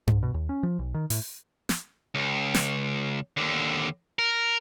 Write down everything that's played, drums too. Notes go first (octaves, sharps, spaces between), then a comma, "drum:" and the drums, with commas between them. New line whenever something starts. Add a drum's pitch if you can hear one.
G#2, drum: tom G2
B2
D#2
C#4
F3
B1
D#3
A2, drum: open hi-hat
drum: snare
C#2
drum: snare
D#2 D3
A#4